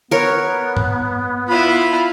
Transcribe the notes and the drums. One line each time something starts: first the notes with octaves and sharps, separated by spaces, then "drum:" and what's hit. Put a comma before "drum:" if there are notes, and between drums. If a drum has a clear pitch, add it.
B3 A#4 C#5
drum: tom G2
E4 F4 B5